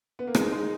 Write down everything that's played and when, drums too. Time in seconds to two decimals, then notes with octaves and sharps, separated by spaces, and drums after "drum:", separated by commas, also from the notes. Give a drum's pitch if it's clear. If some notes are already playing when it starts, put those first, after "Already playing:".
0.19 B3
0.27 A#3
0.35 G#3 D#4, drum: rim click
0.52 G#3